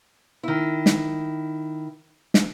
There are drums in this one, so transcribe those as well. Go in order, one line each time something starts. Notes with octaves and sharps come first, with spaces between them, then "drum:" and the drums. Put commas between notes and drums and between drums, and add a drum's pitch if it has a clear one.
D#3 E4
drum: snare
drum: snare